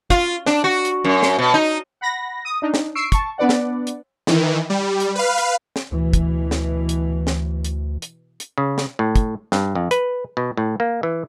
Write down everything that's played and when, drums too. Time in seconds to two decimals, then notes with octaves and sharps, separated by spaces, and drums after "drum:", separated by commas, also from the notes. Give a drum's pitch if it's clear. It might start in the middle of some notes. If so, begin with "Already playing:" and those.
0.10 F4, drum: kick, hi-hat
0.46 D4, drum: snare
0.64 F#4
0.85 drum: hi-hat
1.04 F#2
1.23 drum: snare
1.39 B2
1.54 D#4
2.01 F#5 B5 A#6
2.45 D#6
2.62 D4 D#4
2.74 drum: snare
2.95 C#6 E6 C7 D7
3.12 A5 C#6, drum: kick, hi-hat
3.38 B3 D4 B4 D5 F#5
3.49 drum: snare
3.87 drum: hi-hat
4.27 D#3 E3, drum: snare
4.70 G3
5.00 drum: hi-hat
5.15 B4 F5
5.38 drum: hi-hat
5.76 drum: snare
5.92 D2 B2 E3
6.13 drum: kick, hi-hat
6.51 drum: snare
6.89 drum: hi-hat
7.27 drum: snare
7.64 drum: hi-hat
8.02 drum: hi-hat
8.40 drum: hi-hat
8.58 C#3
8.78 drum: snare
8.99 A2
9.16 drum: kick, hi-hat
9.52 G2, drum: snare
9.75 F2
9.91 B4, drum: hi-hat
10.37 B2
10.57 A2
10.80 A#3
11.03 E3